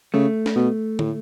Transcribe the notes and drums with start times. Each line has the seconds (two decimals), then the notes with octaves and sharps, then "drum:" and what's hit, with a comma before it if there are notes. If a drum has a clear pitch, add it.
0.14 C#3 A3
0.46 drum: snare
0.56 B2
0.99 A2, drum: tom